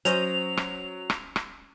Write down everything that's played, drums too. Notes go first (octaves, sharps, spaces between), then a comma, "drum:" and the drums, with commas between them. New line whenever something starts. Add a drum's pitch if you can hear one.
F#3 C#4 C5 D#5 F7, drum: hi-hat
drum: rim click
drum: rim click
drum: rim click